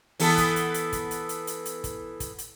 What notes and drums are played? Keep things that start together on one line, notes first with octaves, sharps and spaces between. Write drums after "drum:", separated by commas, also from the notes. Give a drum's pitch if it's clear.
E3 B3 A4, drum: open hi-hat
drum: kick, hi-hat
drum: hi-hat
drum: hi-hat
drum: kick, hi-hat
drum: hi-hat
drum: hi-hat
drum: hi-hat
drum: hi-hat
drum: kick, hi-hat
drum: kick, hi-hat
drum: hi-hat